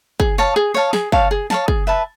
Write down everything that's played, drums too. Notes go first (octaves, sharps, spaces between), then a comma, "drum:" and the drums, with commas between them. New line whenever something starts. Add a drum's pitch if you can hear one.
G#4, drum: kick
C#5 F5 A5
G#4
C#5 F5 A5
G#4, drum: snare
C#5 F5 A5, drum: kick
G#4
C#5 F5 A5, drum: snare
G#4, drum: kick
B4 E5 A5